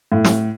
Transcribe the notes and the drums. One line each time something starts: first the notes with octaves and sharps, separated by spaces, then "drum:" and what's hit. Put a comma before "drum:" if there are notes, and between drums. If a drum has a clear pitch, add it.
A2
drum: snare